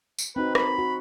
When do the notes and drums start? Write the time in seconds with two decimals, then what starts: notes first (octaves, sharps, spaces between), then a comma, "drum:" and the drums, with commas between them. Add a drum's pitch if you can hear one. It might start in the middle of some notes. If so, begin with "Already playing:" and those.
0.19 drum: tambourine
0.36 C4 D#4 F#4 B4
0.55 B5, drum: rim click
0.79 F#4